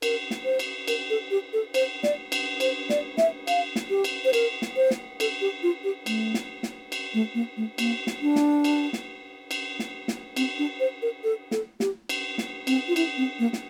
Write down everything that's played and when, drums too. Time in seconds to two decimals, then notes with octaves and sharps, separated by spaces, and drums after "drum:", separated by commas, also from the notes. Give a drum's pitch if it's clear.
0.02 A#4, drum: cymbal
0.31 drum: snare
0.45 C5
0.59 drum: cymbal
0.88 A#4, drum: cymbal
1.10 A4
1.31 G4
1.53 A4
1.74 C5, drum: cymbal
2.03 D5, drum: snare
2.32 drum: cymbal
2.60 C5, drum: cymbal
2.90 D5, drum: snare
3.18 E5, drum: snare
3.47 F5, drum: cymbal
3.76 drum: snare
3.90 G4
4.04 drum: cymbal
4.25 C5
4.33 A#4, drum: cymbal
4.62 drum: snare
4.77 C5
4.91 drum: snare
5.20 A4, drum: cymbal
5.41 G4
5.63 F4
5.84 G4
6.06 A3, drum: cymbal
6.34 drum: snare
6.63 drum: snare
6.92 drum: cymbal
7.14 A3
7.34 A#3
7.57 A3
7.78 A#3, drum: cymbal
8.07 drum: snare
8.22 D4
8.36 drum: snare
8.64 drum: cymbal
8.93 drum: snare
9.51 drum: cymbal
9.79 drum: snare
10.08 drum: snare
10.36 C4, drum: cymbal
10.58 D4
10.80 C5
11.02 A#4
11.24 A4
11.51 A4, drum: snare
11.80 G4, drum: snare
12.09 drum: cymbal
12.38 drum: snare
12.67 C4, drum: cymbal
12.88 F4
12.96 E4, drum: cymbal
13.17 C4
13.39 A#3
13.53 drum: snare